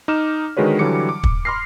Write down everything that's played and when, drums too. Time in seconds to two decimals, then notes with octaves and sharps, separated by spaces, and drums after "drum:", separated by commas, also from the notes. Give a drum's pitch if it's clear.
0.08 D#4 D6 F6 E7
0.57 D3 D#3 G#3 F#4 B4 C#5
0.79 D3 E3 F#3 G3 D6 C#7
1.09 D6
1.23 drum: kick
1.45 B5 C6 D6 F6 A#6 C7